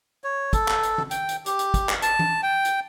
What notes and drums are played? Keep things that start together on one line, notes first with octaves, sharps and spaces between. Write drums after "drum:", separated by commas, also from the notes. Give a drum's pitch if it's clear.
C#5
A4, drum: kick, hi-hat
drum: clap
drum: hi-hat
drum: tom D#3
G5, drum: hi-hat
drum: hi-hat
G4, drum: hi-hat
drum: hi-hat
drum: kick, hi-hat
drum: clap
A5, drum: hi-hat
drum: tom E3
G5
drum: hi-hat